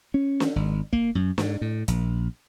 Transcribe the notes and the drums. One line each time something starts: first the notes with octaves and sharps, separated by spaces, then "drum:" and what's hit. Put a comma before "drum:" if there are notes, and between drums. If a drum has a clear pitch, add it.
C#4
drum: snare
G#1
A#3, drum: kick
F#2
G#2, drum: snare
A2
A#1, drum: hi-hat